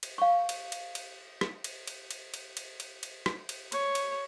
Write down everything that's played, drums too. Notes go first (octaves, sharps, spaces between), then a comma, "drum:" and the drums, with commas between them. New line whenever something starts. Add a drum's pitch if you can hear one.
drum: cymbal
F5 C#6
drum: cymbal
drum: cymbal
drum: cymbal
drum: rim click
drum: cymbal
drum: cymbal
drum: cymbal
drum: cymbal
drum: cymbal
drum: cymbal
drum: cymbal
drum: rim click
drum: cymbal
C#5, drum: cymbal
drum: cymbal